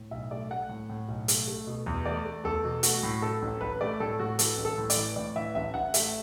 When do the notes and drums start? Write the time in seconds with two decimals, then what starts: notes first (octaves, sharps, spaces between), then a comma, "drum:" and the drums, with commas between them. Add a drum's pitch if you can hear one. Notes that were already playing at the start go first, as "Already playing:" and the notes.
Already playing: A2
0.11 B1 E5
0.31 A3 D5
0.50 A3 F#5
0.69 A2
0.89 A2
1.08 B1
1.28 A3, drum: hi-hat
1.48 A3
1.67 B2
1.86 E2
2.05 A3 D5
2.26 A3
2.44 E2 A4
2.64 B2
2.83 A3 F#4, drum: hi-hat
3.03 A2
3.22 A3 A4
3.42 A1
3.61 A1 B4
3.81 A3 D5
4.00 A2 A4
4.19 A2 F#4
4.39 E3 A4, drum: hi-hat
4.57 A1
4.65 A4
4.78 A2
4.90 D5, drum: hi-hat
4.96 E3
5.16 A2 D5
5.36 E3 E5
5.55 A1 E5
5.74 A1 F#5
5.94 A3 E5, drum: hi-hat